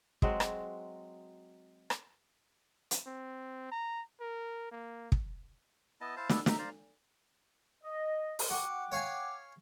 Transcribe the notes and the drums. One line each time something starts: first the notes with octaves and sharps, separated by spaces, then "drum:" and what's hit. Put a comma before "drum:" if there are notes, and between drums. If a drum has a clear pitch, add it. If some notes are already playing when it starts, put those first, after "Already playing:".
F#3 G#3 C4 F#4, drum: kick
drum: rim click
drum: rim click
drum: hi-hat
C4
A#5
A#4
A#3
drum: kick
B3 E4 D#5 A5
E4 C5 F5 A5
B3 D4 E4 A4, drum: snare
D#4 E5 A#5, drum: snare
C5 D5 F5 A#5
D#5
drum: open hi-hat
F#4 F#5 G5 D6
C#5 F5 G#5